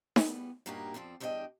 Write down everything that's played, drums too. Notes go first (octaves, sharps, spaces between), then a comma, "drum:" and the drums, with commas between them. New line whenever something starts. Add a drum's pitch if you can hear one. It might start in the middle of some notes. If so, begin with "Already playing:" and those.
E2 G3 B3, drum: snare D#4
G2 A#2 A#3 D#4 F#4 G4
F2 F3 C4 D5
E2 G2 D4 C5 D#5 G5